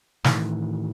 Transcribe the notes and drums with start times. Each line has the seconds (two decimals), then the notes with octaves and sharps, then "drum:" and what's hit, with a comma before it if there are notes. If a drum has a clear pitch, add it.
0.24 A2 D#3 E3, drum: snare